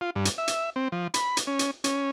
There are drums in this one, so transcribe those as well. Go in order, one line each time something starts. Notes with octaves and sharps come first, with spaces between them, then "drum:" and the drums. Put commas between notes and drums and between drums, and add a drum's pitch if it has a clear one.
F4
G2
drum: hi-hat
E5
drum: hi-hat
C4
F3
B5, drum: hi-hat
drum: hi-hat
C#4
drum: hi-hat
C#4, drum: hi-hat